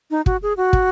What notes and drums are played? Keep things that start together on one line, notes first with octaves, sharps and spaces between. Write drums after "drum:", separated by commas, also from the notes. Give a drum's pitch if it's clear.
D#4
F#4, drum: kick
G#4
F#4
drum: kick